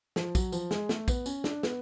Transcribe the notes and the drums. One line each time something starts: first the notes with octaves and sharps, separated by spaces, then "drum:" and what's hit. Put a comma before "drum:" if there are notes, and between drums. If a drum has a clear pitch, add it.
F3, drum: snare
F#3, drum: kick, tambourine
F3, drum: tambourine
G#3, drum: snare
A3, drum: snare
B3, drum: kick, tambourine
C#4, drum: tambourine
D4, drum: snare
B3, drum: snare